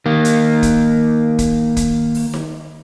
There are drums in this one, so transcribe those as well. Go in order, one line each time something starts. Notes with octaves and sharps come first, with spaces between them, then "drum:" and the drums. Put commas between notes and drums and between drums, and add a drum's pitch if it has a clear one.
D#3 A#3
drum: hi-hat
drum: kick, hi-hat
drum: kick, hi-hat
drum: kick, hi-hat
drum: open hi-hat
drum: snare D#4